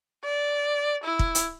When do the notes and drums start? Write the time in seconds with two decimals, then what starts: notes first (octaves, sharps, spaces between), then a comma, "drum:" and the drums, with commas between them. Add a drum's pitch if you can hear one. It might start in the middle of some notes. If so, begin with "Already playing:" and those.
0.24 D5
1.04 E4
1.19 drum: kick
1.35 drum: hi-hat